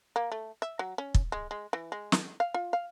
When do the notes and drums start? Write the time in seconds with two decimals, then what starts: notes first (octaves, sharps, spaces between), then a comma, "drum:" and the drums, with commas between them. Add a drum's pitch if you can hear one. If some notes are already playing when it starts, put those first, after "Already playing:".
0.16 A#3
0.32 A3
0.62 E5
0.79 F#3
0.98 C#4
1.14 drum: kick
1.32 G#3
1.51 G#3
1.73 E3
1.92 G#3
2.12 drum: snare
2.40 F5
2.54 F4
2.73 F5